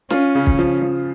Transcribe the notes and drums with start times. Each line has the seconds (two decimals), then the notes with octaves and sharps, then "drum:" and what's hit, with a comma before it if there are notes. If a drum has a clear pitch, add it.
0.10 C#4 F4, drum: snare
0.35 C#3
0.47 drum: kick
0.59 F3
0.82 F3